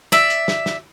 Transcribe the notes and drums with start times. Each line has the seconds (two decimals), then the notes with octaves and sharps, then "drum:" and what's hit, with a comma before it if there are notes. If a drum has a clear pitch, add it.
0.12 D5 E5, drum: snare
0.30 drum: hi-hat
0.48 drum: snare
0.66 drum: snare